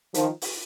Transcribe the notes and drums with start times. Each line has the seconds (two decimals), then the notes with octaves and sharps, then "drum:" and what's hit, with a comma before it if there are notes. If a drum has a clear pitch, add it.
0.14 D#3 F3, drum: hi-hat
0.42 drum: open hi-hat